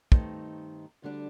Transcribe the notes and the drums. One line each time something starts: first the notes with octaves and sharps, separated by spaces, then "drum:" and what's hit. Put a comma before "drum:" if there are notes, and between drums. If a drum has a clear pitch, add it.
G2 D#3 A3 C4 D#4, drum: kick
D2 D3 G3 D4